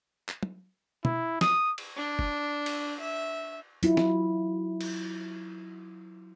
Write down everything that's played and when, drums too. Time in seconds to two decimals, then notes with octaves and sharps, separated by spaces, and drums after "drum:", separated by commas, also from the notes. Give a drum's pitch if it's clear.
0.29 drum: clap
0.43 drum: tom
1.05 E4, drum: tom
1.41 D#6, drum: snare
1.78 drum: cymbal
1.97 D4
2.19 drum: kick
2.66 drum: cymbal
3.00 E5
3.83 F#3 E4 F4, drum: hi-hat
3.97 drum: snare
4.81 drum: cymbal